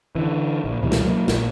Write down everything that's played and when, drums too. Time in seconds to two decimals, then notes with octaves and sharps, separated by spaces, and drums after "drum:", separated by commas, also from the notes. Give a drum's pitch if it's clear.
0.15 D3 E3
0.64 A#1
0.82 C#2 B2 E3 G3
0.92 drum: snare
1.01 F#3 G#3 A#3
1.28 A#1, drum: snare